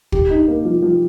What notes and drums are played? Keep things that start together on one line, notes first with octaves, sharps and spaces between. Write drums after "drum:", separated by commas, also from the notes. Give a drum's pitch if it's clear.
G4, drum: kick
D#4
A#3
F3
F3